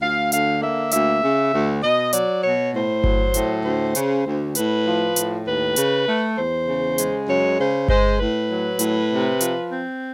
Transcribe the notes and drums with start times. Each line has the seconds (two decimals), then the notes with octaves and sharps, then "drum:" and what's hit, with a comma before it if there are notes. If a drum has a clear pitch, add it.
0.01 D2 F5
0.32 D3 F5, drum: hi-hat
0.61 A#3 E5
0.91 D2 E5, drum: hi-hat
1.23 C#3
1.53 D2
1.82 B2 D#5
2.13 F#3 D5, drum: hi-hat
2.43 B2 C#5
2.73 A2 C5
3.04 F#3, drum: kick G1
3.34 A2, drum: hi-hat
3.64 D2 C5
3.95 C#3, drum: hi-hat
4.25 D2
4.55 A2 B4, drum: hi-hat
4.85 F3
5.16 A2, drum: hi-hat
5.46 D#2 B4
5.76 C#3, drum: hi-hat
6.07 A3
6.37 E2 C5
6.67 C#3
6.98 G#3, drum: hi-hat
7.28 F#2 C#5
7.59 C#3 C5
7.88 G#3 C5, drum: kick G1
8.18 A2 B4
8.50 F#3
8.79 A2, drum: hi-hat
9.10 C3
9.40 F3, drum: hi-hat
9.70 C4